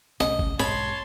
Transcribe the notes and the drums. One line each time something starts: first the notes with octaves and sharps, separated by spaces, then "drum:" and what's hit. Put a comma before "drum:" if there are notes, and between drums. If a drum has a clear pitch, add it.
C2 A3 C#4 D#5, drum: snare
drum: kick G1
B1 G#2 C#5 A5 B5 C6, drum: snare